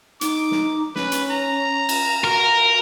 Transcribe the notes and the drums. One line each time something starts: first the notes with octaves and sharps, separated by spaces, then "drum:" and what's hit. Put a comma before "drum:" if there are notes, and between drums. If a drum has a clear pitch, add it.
D#4 D6, drum: hi-hat
drum: snare
C#4 B4, drum: snare
drum: hi-hat
A#5
drum: cymbal
F#4 A#4